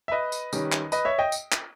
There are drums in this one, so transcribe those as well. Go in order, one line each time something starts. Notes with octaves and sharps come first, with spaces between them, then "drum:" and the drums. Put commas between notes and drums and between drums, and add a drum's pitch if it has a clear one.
E5
B4 D#5
drum: tambourine
D#3 G3 C#4, drum: tambourine
drum: clap
B4 D#5, drum: tambourine
C#5 E5
D#5 G5
drum: tambourine
drum: clap